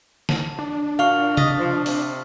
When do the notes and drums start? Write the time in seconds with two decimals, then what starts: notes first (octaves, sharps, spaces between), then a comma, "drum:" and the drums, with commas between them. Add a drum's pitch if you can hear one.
0.29 A5, drum: snare
0.59 D4
0.99 A#2 F#4 F5 C#6 F6
1.37 D#5 D#6 A6 B6, drum: tom C3
1.59 F3
1.86 C3, drum: open hi-hat